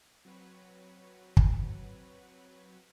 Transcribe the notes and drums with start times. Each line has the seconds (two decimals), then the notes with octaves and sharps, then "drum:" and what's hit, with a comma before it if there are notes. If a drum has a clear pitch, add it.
0.25 F#3 C4 F#4 B4 C#5
1.37 drum: kick